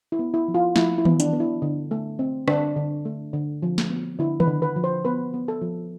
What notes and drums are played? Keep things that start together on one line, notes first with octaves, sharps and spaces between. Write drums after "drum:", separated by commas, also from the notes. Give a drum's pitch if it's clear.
E4
B3
E4
F3
F4
F3 E4, drum: snare
E4
B3, drum: tom D#3
D4, drum: hi-hat
B3
E4
D3
A3
C4
D3 D4, drum: rim click
D3
A3
D3
F3
drum: snare
B3
D3 E4
B4, drum: tom D#3
D3
B4
F3
C5
B3 B4
B3
A4
F3